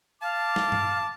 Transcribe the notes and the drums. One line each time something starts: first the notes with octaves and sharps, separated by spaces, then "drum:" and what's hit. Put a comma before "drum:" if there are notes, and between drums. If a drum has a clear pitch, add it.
F5 A5 D6
drum: snare
drum: tom G2